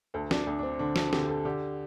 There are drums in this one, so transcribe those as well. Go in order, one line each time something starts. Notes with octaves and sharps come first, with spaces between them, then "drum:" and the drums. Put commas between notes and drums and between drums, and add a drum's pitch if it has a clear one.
D2 A4
D4, drum: snare
D2 D4
D4
C4
D3 D4
A4, drum: snare
D3 G4, drum: snare
A4
D3 G4